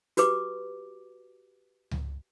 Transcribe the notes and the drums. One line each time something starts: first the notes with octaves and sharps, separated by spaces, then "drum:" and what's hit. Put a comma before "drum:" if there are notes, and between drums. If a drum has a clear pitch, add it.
F#4 G4 B4 D6, drum: hi-hat
drum: tom C#2